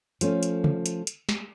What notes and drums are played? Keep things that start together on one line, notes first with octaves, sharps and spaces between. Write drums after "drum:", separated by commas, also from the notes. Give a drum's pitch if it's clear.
F3 A3 C#4, drum: hi-hat
drum: hi-hat
drum: tom C#3
drum: hi-hat
drum: hi-hat
drum: snare